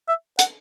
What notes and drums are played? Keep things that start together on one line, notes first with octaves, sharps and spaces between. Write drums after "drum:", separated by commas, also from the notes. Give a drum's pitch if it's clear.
E5
F#5, drum: hi-hat